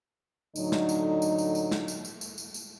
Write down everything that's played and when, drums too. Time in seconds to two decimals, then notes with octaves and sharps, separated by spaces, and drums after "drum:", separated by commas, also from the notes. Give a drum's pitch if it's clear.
0.56 A2 D3 F#3 D#4, drum: tambourine
0.72 drum: snare
0.89 drum: tambourine
1.22 drum: tambourine
1.38 drum: tambourine
1.55 drum: tambourine
1.71 drum: snare
1.88 drum: tambourine
2.05 drum: tambourine
2.21 drum: tambourine
2.38 drum: tambourine
2.54 drum: tambourine